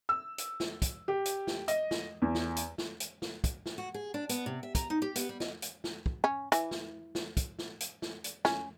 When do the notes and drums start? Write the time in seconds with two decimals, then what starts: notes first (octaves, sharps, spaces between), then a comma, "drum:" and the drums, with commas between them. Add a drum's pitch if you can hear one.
0.09 E6
0.38 drum: hi-hat
0.60 drum: snare
0.82 drum: kick, hi-hat
1.08 G4
1.25 drum: hi-hat
1.47 drum: snare
1.68 D#5, drum: hi-hat
1.91 drum: snare
2.22 E2
2.35 drum: snare
2.56 drum: hi-hat
2.78 drum: snare
3.00 drum: hi-hat
3.22 drum: snare
3.44 drum: kick, hi-hat
3.66 drum: snare
3.78 F#4
3.94 G#4
4.14 D4
4.29 B3, drum: hi-hat
4.46 C3
4.63 E5
4.75 A#5, drum: kick, hi-hat
4.90 D#4
5.02 G4
5.16 B3, drum: hi-hat
5.29 G3
5.40 D#5, drum: snare
5.62 drum: hi-hat
5.84 drum: snare
6.06 drum: kick
6.24 C#4
6.52 E3, drum: hi-hat
6.71 drum: snare
7.15 drum: snare
7.37 drum: kick, hi-hat
7.59 drum: snare
7.80 drum: hi-hat
8.02 drum: snare
8.24 drum: hi-hat
8.45 C#4, drum: snare